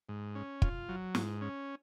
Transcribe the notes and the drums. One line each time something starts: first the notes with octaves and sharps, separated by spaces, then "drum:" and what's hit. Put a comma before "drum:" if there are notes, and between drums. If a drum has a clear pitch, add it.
G#2
C#4
F4, drum: kick
F#3
G#2, drum: snare
C#4